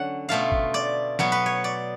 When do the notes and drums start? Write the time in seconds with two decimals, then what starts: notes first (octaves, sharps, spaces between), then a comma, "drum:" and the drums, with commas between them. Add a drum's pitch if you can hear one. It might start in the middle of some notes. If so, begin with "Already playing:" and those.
Already playing: D3 F#3 C#4 F#5
0.29 B2 A3 F4 F5
0.52 drum: kick
0.74 D5
1.19 B2 F#3 B3 C#5, drum: snare
1.32 B4
1.46 C#5
1.64 D5